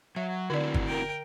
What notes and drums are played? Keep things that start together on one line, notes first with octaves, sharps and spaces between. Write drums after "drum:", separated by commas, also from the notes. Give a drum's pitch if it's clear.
F#3 E5
D3 C4 E4 F#4 D5
drum: kick G1
A#4 G5